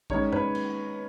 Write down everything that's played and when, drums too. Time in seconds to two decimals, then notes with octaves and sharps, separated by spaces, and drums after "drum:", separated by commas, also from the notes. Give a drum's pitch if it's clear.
0.10 D#3 G#3 C#4 C#5, drum: kick A1
0.33 B4, drum: tom E2
0.55 drum: cymbal